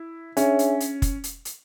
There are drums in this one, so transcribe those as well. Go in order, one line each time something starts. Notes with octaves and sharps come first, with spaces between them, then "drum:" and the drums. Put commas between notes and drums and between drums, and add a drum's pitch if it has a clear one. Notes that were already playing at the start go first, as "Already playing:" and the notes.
Already playing: E4
C#4 D4 G#4 C#5 E5 G#5, drum: hi-hat
drum: hi-hat
drum: hi-hat
drum: kick F#1, hi-hat
drum: hi-hat
drum: hi-hat